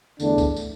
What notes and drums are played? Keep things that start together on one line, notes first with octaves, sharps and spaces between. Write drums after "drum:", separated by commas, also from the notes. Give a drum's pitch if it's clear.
E2 D3 A3 D4, drum: tambourine
drum: kick C#2, tambourine
drum: tambourine